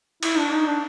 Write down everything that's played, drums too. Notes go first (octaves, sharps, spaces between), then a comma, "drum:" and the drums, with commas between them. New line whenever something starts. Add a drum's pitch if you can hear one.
E4, drum: cymbal
D4
D#4
D4